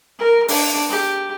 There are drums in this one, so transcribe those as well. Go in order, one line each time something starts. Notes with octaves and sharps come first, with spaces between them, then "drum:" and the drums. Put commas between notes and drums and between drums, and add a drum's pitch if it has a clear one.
A#4
D4, drum: open hi-hat
G4